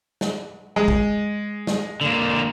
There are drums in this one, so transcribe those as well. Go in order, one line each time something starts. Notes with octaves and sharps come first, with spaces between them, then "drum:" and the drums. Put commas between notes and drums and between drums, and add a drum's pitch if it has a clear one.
drum: snare
G#3
drum: kick
drum: snare
D3 A#3